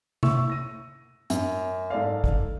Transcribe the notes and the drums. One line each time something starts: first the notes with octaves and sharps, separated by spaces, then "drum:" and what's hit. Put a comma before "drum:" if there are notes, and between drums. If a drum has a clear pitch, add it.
E5 C#6 E6, drum: tom C3
A#6 D#7
F#2, drum: hi-hat
G#2 A4 D5 F5
drum: kick